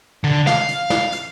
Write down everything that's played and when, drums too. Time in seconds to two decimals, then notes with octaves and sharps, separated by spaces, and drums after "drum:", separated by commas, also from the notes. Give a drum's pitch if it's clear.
0.24 D3
0.47 F5, drum: snare
0.69 drum: hi-hat
0.90 drum: snare
1.12 drum: hi-hat